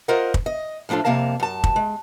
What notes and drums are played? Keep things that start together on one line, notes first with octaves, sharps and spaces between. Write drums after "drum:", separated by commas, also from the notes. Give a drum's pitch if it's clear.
F4 A#4 C5 D#5 F#5
drum: kick
D#5
A2 F3 D4 F4 A4
F2 C3 A#3 F5 A5
F#2 A5
drum: kick
G#3